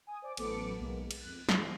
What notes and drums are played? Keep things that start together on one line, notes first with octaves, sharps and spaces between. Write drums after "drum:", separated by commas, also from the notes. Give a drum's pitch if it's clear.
G#5 D#6
C5 D5 D6
A1 F#3 B3 A4 D6 C#7, drum: cymbal
B1 G#3 A#3 B3
drum: cymbal
F2 F#6
G2 E3 F3, drum: snare